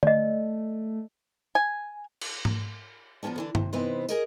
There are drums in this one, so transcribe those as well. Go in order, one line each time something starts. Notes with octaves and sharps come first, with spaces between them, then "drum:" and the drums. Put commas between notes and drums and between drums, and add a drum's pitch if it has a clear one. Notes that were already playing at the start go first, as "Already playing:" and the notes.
A3 D5 D#5, drum: tom D3
G#5
drum: cymbal
drum: tom G#2
F3 A#3 B3 C#4 D4
D3 E3 D4
C3, drum: tom G2
C3 E3 B3 D#4 B4 C5
G#4 A#4 D#5, drum: tambourine